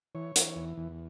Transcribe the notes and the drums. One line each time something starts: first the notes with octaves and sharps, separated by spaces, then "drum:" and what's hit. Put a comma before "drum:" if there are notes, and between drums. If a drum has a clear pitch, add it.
E3 C#5
E3, drum: hi-hat
E2
E2